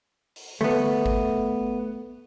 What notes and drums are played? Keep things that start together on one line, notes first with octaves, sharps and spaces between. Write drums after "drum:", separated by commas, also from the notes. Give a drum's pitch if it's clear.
drum: open hi-hat
A3 B3, drum: tom D3
drum: kick G#1